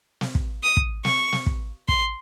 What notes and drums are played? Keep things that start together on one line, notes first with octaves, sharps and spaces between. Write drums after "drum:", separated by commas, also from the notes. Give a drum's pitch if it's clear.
drum: snare
drum: kick
D#6
drum: kick
C#6, drum: snare
drum: snare
drum: kick
C6, drum: kick